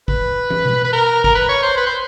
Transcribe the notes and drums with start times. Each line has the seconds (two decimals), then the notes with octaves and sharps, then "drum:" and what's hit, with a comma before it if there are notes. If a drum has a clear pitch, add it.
0.08 B4, drum: kick
0.50 drum: tom
0.65 drum: tom B2
0.84 B4
0.93 A#4
1.24 A#4, drum: kick
1.35 B4
1.49 C#5
1.63 C5
1.77 B4
1.87 C5